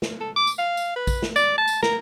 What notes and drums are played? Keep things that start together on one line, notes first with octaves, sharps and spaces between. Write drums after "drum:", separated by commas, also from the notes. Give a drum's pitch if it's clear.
drum: snare
A4
D6
drum: tambourine
F5
drum: tambourine
B4
drum: kick A#1, tambourine
drum: snare
D5, drum: tambourine
A5
drum: tambourine
A#4, drum: snare